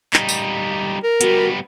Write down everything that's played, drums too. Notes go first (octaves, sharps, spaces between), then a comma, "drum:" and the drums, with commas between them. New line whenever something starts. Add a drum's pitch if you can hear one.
G3 D#4, drum: clap
drum: tambourine
A#4
G3 B3 F#4, drum: hi-hat